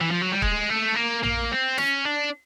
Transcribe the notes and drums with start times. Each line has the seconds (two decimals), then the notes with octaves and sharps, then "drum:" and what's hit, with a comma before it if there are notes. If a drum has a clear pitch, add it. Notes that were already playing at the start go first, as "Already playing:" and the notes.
0.01 E3
0.11 F3
0.22 F#3
0.32 G3
0.42 G#3, drum: kick
0.70 A3
0.96 A#3
1.23 A#3, drum: tom A#1
1.51 C4
1.78 C#4, drum: snare
2.05 D4